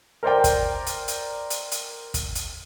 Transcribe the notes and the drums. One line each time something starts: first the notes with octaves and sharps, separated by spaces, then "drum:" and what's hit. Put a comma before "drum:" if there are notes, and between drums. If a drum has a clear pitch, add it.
A#4 C5 D5 G5
drum: kick, hi-hat
drum: hi-hat
drum: hi-hat
drum: hi-hat
drum: hi-hat
drum: kick, hi-hat
drum: hi-hat